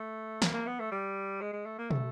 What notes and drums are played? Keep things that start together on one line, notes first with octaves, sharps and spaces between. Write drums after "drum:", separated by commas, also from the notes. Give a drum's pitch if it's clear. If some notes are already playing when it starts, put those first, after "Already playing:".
Already playing: A3
A#3, drum: snare
A#3
B3
A3
G3
G#3
G#3
A3
A#3
A3, drum: tom